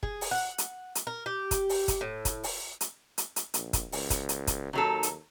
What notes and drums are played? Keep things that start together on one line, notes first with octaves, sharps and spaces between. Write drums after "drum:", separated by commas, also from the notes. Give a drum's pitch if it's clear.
G#4, drum: kick
drum: open hi-hat
F#5
drum: hi-hat
drum: hi-hat
A#4
G4
drum: kick, hi-hat
drum: open hi-hat
drum: kick, hi-hat
A2
drum: kick, hi-hat
drum: open hi-hat
drum: hi-hat
drum: hi-hat
drum: hi-hat
A#1, drum: hi-hat
drum: kick, hi-hat
C#2, drum: open hi-hat
drum: kick, hi-hat
drum: hi-hat
drum: kick, hi-hat
D#2 D#3 F#3 A4
drum: hi-hat